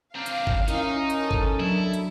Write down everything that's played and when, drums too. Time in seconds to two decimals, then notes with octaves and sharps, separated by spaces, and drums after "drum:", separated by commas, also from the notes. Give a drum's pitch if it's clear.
0.15 C4 D4 F5 A#5
0.26 drum: hi-hat
0.47 drum: kick G1
0.68 C#4 D#4 E4 A#4 D#5, drum: hi-hat
1.10 drum: hi-hat
1.21 A4
1.31 drum: kick G1
1.60 F#3 D4 E4
1.93 drum: hi-hat